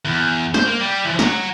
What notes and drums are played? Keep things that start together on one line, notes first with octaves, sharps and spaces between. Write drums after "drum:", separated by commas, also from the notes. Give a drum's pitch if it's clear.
E2
C5, drum: snare
A#3
G3
E3 F3
F#5 A#5, drum: snare